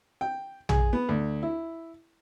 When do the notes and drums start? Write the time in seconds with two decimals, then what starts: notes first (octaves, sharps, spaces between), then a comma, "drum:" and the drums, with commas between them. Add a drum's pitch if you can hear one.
0.21 G5
0.69 G#4, drum: tom A#1
0.93 B3
1.09 D2
1.43 E4